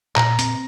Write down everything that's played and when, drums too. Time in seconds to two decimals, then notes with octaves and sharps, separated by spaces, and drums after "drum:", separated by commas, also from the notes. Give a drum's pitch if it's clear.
0.16 A#2 A#5, drum: clap
0.39 C4, drum: hi-hat